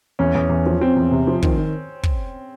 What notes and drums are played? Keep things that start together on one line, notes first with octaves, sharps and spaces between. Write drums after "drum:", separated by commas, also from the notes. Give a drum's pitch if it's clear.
E2 C#4
E2
E2
F3
F3 C4
E2
C3
F3
D#3, drum: kick
D#3
drum: kick